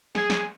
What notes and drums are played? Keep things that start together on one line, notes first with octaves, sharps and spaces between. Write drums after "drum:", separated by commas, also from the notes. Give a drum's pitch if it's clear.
G#4, drum: snare
drum: snare